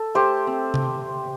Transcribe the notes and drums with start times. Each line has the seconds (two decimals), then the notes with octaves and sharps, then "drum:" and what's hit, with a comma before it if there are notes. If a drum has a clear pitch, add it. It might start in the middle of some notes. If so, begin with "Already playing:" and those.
Already playing: A4
0.15 A3 G4 C5
0.47 C4
0.74 drum: tom C3